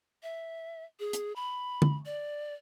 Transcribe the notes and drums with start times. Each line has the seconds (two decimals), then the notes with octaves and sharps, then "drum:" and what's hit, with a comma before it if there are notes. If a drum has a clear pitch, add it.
0.23 E5
1.00 G#4
1.13 drum: hi-hat
1.36 B5
1.82 drum: tom
2.06 D5